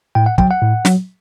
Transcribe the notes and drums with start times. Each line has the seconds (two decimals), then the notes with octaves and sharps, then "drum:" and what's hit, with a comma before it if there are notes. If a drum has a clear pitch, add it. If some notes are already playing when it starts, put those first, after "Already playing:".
0.15 A2 G5
0.26 F#5
0.38 F#3 G5, drum: kick
0.51 F#5
0.62 A2
0.85 F#3, drum: snare